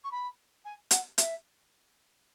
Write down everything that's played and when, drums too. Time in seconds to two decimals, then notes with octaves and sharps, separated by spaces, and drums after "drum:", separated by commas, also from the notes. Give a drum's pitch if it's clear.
0.03 C#6
0.11 B5
0.64 G#5
0.91 F#5, drum: hi-hat
1.18 E5, drum: hi-hat